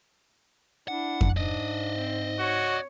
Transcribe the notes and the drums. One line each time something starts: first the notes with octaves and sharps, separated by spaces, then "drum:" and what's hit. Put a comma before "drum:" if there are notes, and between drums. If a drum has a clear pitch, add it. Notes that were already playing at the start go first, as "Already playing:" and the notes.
D4 E4 F#5
drum: kick F2
G#2 D4 D5 D#5
C4
F#4 C#5